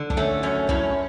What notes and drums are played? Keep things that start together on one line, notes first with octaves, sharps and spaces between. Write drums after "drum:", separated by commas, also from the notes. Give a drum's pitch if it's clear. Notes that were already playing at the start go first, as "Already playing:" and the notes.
Already playing: D3
D4, drum: kick
A3 C#4
F#2 C#4
A2 C#4, drum: kick